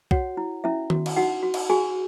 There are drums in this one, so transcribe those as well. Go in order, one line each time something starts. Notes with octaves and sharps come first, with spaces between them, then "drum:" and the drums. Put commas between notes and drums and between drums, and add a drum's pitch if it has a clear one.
F#4 C#5 F#5, drum: kick
E4
C#4 E4 E5
F#4, drum: tom D#3
drum: cymbal
D#4 F#4 F#5
F#4
drum: cymbal
F#4 G#4 G#5